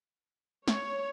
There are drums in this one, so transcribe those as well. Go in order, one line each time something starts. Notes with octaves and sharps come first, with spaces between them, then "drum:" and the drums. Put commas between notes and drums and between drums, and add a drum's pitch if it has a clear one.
C#5, drum: snare